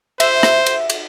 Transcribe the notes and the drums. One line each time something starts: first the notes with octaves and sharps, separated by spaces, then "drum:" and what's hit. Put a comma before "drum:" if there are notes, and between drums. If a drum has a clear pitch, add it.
C5 E5, drum: cymbal
drum: rim click
drum: cymbal
drum: cymbal